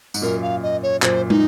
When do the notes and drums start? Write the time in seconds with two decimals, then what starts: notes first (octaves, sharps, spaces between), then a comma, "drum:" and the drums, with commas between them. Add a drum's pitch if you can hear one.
0.14 G#2, drum: tambourine
0.22 F#2 A#2 A#4
0.42 F5
0.63 D#5
0.83 C#5
1.02 F#2 A#2 C5, drum: clap
1.30 D#4, drum: tom